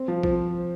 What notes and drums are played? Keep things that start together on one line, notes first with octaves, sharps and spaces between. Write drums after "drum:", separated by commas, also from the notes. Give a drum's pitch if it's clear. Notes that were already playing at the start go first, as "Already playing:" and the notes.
Already playing: C4
F3
F3, drum: kick A#1